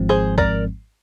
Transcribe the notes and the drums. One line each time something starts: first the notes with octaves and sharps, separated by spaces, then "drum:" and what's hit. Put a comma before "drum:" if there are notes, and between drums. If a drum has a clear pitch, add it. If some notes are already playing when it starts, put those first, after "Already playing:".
Already playing: G#1 G#2 F3 G#3 C4
G#4 C5
A#4 D5, drum: kick